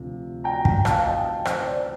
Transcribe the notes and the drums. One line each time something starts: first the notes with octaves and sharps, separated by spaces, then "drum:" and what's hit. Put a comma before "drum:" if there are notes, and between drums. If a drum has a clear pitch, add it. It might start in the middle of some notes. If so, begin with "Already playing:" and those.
Already playing: D2 C3 F3
G5 A#5
G5 A#5, drum: kick
F5 A5, drum: rim click
A5
D#5 G5
C5 D#5, drum: rim click
D5